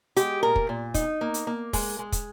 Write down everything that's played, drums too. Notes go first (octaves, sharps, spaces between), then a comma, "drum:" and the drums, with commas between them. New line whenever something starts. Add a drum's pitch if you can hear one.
G#3 G4, drum: hi-hat
A#2 A#4
drum: kick
A#2
D#4, drum: kick, hi-hat
A#3
drum: hi-hat
A#3
G#3, drum: kick, open hi-hat
G#3
drum: kick, hi-hat